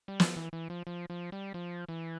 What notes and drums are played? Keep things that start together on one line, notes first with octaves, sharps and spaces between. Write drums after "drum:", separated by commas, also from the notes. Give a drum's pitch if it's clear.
G3
F3, drum: snare
E3
E3
F3
F3
F3
G3
F3
E3